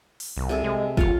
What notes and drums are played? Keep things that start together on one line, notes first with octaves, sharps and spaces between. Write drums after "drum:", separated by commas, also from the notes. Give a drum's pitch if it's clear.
drum: open hi-hat
C2
C3 G#4 A4
G#3
E1 F4 C#5 F5, drum: kick